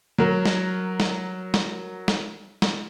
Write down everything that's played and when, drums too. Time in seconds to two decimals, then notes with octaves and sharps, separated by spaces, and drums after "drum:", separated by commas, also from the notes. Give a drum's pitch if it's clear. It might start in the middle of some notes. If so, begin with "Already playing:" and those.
0.18 F#3 A#4
0.46 drum: snare
1.00 drum: snare
1.54 drum: snare
2.08 drum: snare
2.62 drum: snare